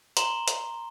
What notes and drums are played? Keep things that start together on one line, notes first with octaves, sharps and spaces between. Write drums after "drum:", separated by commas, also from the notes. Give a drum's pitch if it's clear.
A#5 C6 G7, drum: hi-hat
drum: hi-hat